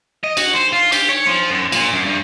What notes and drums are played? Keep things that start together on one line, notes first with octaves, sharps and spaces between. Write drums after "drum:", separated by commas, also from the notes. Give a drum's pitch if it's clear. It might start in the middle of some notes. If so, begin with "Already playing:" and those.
D#5
F#4, drum: cymbal
C5
F4
G4, drum: cymbal
C#5
F3
F#2
A#2, drum: cymbal
F#2
G2